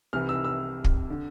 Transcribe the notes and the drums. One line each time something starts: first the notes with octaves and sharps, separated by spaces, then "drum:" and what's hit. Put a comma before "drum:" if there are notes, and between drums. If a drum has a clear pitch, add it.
C2 C3 E3 F6
E6
E6
drum: kick
D3